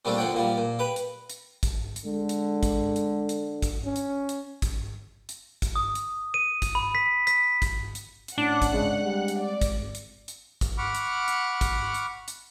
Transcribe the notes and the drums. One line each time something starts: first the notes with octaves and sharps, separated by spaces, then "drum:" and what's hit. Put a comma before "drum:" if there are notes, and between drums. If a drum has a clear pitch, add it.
A#2 G3 A3 C4 D4
D2 D3 F3 F#5 G5
A#2 F3 G3
A#2
G4 B4
drum: hi-hat
drum: hi-hat
drum: kick G#1, hi-hat
drum: hi-hat
D3 G#3
drum: hi-hat
drum: kick G#1, hi-hat
drum: hi-hat
drum: hi-hat
drum: kick G#1, hi-hat
C#4
drum: hi-hat
drum: hi-hat
drum: kick G#1, hi-hat
drum: hi-hat
drum: kick G#1, hi-hat
D#6
drum: hi-hat
D#7
drum: kick G#1, hi-hat
B5
B6
B6, drum: hi-hat
drum: kick G#1, hi-hat
drum: hi-hat
drum: hi-hat
A2 C#4 D4 F#5
drum: kick G#1, hi-hat
C#3 G#3 C4
G3
drum: hi-hat
D5
drum: kick G#1, hi-hat
drum: hi-hat
drum: hi-hat
drum: kick G#1, hi-hat
F#5 B5 C#6 D6 F6
drum: hi-hat
drum: hi-hat
drum: kick G#1, hi-hat
drum: hi-hat
drum: hi-hat